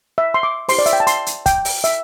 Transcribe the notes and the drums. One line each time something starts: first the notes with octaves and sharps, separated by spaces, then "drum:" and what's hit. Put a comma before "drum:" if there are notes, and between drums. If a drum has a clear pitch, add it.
E5
C6
D6
E4 G4 C5 C6, drum: open hi-hat
D5
E5, drum: hi-hat
G5
A5
C6, drum: hi-hat
drum: hi-hat
G5, drum: kick, hi-hat
drum: open hi-hat
E5, drum: hi-hat